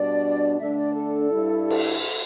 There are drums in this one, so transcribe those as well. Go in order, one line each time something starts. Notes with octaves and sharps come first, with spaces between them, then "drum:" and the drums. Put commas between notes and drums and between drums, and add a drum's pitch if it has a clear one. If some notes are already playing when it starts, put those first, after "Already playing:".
Already playing: B2 G3 D4 D5
D3 A3 D4 E5
D5
A4
G2 G3 E4
drum: cymbal